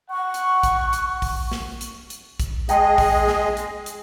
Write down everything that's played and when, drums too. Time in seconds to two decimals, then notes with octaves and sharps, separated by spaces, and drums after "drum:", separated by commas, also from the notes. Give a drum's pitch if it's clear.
0.11 F#5 C#6
0.34 drum: hi-hat
0.63 drum: kick A#1, hi-hat
0.93 drum: hi-hat
1.22 drum: kick A#1, open hi-hat
1.51 drum: snare
1.81 drum: hi-hat
2.10 drum: hi-hat
2.40 drum: kick A#1, hi-hat
2.69 G#3 G#4 D#5 F5 G5 A5, drum: hi-hat
2.98 drum: kick A#1, open hi-hat
3.28 drum: snare
3.57 drum: hi-hat
3.86 drum: hi-hat